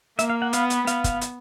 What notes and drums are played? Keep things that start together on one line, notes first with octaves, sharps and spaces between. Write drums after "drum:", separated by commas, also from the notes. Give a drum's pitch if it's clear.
A#3 E5, drum: hi-hat
F5
F#5
B3 F5, drum: hi-hat
drum: hi-hat
B3 F5, drum: hi-hat
drum: kick, hi-hat
drum: hi-hat